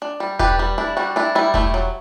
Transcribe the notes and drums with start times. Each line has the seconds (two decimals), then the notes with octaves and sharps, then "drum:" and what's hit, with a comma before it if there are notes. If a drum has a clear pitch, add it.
0.02 D4
0.20 G3
0.39 D4 G4 B4, drum: kick E1
0.59 G3
0.78 D4 E4
0.97 G3 F#4
1.16 D4 E4
1.35 G3 E4
1.54 A3 E4, drum: kick E1
1.74 F#3